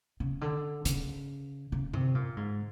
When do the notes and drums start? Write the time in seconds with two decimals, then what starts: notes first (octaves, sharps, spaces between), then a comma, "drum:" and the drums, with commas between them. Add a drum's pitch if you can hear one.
0.20 C#3
0.41 D3
0.85 C#3, drum: hi-hat
1.72 C#3
1.94 C3, drum: tom G2
2.15 A#2
2.37 G#2